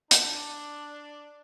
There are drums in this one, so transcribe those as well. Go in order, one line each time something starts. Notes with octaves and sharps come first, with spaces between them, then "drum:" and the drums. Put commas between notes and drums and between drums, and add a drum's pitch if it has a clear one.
D4, drum: hi-hat